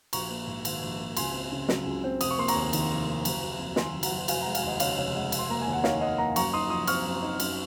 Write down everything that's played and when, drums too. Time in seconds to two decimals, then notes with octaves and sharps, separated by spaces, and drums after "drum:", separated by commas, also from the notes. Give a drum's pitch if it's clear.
0.13 A#1 A#5 C#6, drum: cymbal
0.30 A#3
0.47 G#2
0.65 D#3, drum: cymbal
0.83 A#1
1.00 A#3
1.17 C#2 G#5 C6, drum: cymbal
1.34 C4
1.52 C#3
1.68 F#3, drum: snare
1.86 C#2
2.04 C4
2.21 F1 D#6, drum: cymbal
2.31 C#6
2.38 A#3 C6
2.48 A#5 C#6, drum: cymbal
2.55 D#2
2.73 D#3, drum: cymbal
2.91 F1
3.07 A#3
3.25 F#1, drum: cymbal
3.42 F#3
3.59 F2
3.76 D#3 G#5 C6, drum: snare
3.94 F#1
4.03 F#5 A#5, drum: cymbal
4.12 F#3
4.28 F1 F5 G#5, drum: cymbal
4.41 G#3 F#5 A#5
4.55 F5 G#5, drum: cymbal
4.64 D#2 D#5 F#5
4.80 C#3 C#5 F5, drum: cymbal
4.98 F1 C#5 F5
5.15 G#3 D#5 F#5
5.32 F1, drum: cymbal
5.39 C6
5.50 A#3 A#5
5.61 G#5
5.68 D#2
5.73 F#5
5.84 D#3 C#5 F5, drum: snare
6.01 F1 D#5 F#5
6.18 A#3 F#5 A#5
6.36 F#2 A#5 C#6, drum: cymbal
6.53 D#4 C6 D#6
6.70 F3 C6 D#6
6.87 C4 C#6 F6, drum: cymbal
7.06 F#2
7.22 D#4
7.40 F#2, drum: cymbal